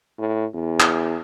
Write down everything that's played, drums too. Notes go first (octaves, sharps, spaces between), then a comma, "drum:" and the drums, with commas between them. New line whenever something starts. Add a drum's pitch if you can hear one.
A2
E2
drum: clap